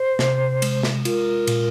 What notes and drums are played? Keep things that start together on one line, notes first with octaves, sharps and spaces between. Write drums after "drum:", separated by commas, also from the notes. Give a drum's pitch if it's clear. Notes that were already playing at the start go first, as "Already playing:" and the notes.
Already playing: C5
C3, drum: snare
G#3, drum: cymbal
drum: snare
F4 A#4, drum: cymbal
A#2, drum: cymbal